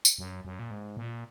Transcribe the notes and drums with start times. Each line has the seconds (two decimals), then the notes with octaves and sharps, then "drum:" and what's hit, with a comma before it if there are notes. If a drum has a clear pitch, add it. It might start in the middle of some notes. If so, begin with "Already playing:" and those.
0.05 drum: tambourine
0.18 F#2
0.45 F#2
0.59 A#2
0.71 G#2
0.97 A#2